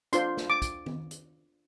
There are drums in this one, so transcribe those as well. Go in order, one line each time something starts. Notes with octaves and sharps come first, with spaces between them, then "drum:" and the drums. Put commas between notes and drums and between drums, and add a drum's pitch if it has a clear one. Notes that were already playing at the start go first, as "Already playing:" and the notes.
D4 F4 C5 C6, drum: hi-hat
drum: snare
D6
drum: kick, hi-hat
drum: tom D#3
drum: hi-hat